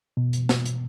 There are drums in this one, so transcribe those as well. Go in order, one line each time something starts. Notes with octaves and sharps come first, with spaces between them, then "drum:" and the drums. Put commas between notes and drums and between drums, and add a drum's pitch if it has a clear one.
B2
drum: hi-hat
drum: snare
drum: hi-hat